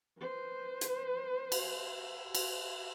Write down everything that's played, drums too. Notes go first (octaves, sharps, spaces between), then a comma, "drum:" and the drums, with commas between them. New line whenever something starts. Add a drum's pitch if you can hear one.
B4 C5
drum: hi-hat
drum: cymbal
drum: cymbal